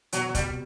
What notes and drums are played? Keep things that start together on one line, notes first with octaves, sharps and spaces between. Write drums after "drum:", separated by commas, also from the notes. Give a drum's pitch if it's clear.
B2 F#3, drum: hi-hat
F#3
G3, drum: kick, hi-hat
C3